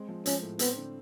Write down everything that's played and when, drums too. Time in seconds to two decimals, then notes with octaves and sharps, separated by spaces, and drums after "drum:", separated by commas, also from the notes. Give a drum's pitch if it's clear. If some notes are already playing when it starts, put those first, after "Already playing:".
Already playing: G#3 C4
0.09 F3
0.26 F3 C#4, drum: hi-hat
0.42 A2
0.59 B3 C4, drum: hi-hat
0.77 D3